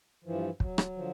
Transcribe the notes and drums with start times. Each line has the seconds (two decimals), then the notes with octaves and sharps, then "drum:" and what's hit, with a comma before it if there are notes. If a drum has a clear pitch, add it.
0.24 G2 E3 F3
0.60 F#3, drum: kick
0.78 drum: rim click
0.96 D3 F3